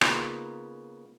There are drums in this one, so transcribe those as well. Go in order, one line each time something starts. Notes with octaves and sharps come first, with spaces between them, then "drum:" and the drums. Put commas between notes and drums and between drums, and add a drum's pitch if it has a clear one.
C#3 A#3 B3 D#4 F4 B5, drum: rim click